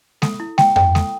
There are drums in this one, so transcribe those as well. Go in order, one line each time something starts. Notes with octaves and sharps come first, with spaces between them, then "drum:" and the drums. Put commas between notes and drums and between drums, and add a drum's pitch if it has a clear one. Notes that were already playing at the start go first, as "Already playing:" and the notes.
A4, drum: snare G#3
E4
G5, drum: snare G#3
G5, drum: tom F2
A4, drum: snare G#3